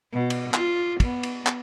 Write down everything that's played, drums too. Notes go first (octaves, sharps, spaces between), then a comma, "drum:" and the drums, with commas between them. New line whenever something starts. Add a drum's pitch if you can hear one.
B2
drum: cymbal
F4, drum: clap
B3, drum: kick, cymbal
drum: cymbal
drum: clap